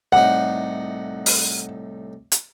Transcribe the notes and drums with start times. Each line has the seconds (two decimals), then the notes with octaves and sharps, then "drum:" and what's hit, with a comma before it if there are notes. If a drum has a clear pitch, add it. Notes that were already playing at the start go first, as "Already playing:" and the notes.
0.12 C2 A2 D#4 F#5
1.26 drum: open hi-hat
2.32 drum: hi-hat